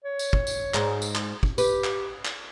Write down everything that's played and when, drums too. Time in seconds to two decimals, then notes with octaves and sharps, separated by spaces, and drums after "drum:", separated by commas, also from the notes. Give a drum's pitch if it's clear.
0.04 C#5
0.19 drum: tambourine
0.33 drum: kick
0.47 drum: tambourine
0.74 G#2, drum: clap
1.02 drum: tambourine
1.15 drum: clap
1.43 drum: kick
1.58 G4 B4, drum: tambourine
1.84 drum: clap
2.25 drum: clap